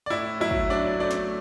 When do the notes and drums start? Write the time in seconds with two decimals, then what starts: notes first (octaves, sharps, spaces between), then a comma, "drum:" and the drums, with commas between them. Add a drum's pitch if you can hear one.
0.06 D5
0.10 A2 E4 E5
0.40 F#3 E4 E5
0.51 drum: kick
0.70 F#3 D4 D5
1.00 A3 D4 D5
1.11 drum: snare